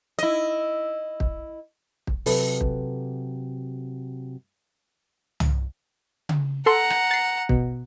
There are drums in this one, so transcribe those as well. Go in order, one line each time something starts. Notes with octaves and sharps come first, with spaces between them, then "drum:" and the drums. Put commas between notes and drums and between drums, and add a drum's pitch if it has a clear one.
E4 D#5, drum: hi-hat
drum: kick
drum: kick
C3 F#3 A4 B4, drum: open hi-hat
drum: kick
drum: tom
drum: tom C#3
A4 F#5 A#5 C6
drum: rim click
A6 C7
B2, drum: kick